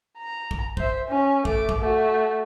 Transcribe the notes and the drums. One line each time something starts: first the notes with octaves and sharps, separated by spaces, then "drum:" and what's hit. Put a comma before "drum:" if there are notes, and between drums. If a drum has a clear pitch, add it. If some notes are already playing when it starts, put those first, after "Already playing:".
A#5
drum: kick
C5 E5, drum: kick
C#4
A3 D6, drum: kick
drum: kick
A3 F#4